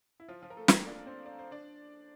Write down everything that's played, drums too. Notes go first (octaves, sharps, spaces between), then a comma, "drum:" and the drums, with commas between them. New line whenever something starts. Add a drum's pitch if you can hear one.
E4
F3 F4
F3 F4
A#4
A3 A4
A4, drum: snare
A#3 A#4
D4 D5
C4 C5
D5
C5
D4 D5